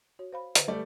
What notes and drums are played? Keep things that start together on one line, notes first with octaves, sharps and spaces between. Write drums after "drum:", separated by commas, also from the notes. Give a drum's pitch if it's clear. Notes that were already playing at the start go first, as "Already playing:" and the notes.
F#4 C#5
C5 F5 B5
D3 B4 C5, drum: hi-hat
G3 A3 D5